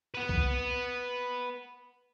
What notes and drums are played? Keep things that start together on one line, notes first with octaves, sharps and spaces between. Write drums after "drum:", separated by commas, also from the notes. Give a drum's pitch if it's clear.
B4 F#5
drum: kick C2